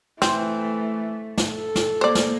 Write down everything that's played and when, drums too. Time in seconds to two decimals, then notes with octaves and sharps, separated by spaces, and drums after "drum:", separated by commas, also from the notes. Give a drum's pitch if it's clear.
0.22 E3 A3 C4, drum: snare
1.38 drum: snare
1.51 A4
1.75 drum: snare
2.01 A#3 C5 D5
2.15 drum: snare